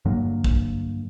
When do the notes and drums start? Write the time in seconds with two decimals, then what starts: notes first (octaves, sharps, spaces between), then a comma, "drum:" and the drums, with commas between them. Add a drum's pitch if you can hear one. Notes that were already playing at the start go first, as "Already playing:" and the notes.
0.05 G2 D3 F#3 A#3
0.44 drum: kick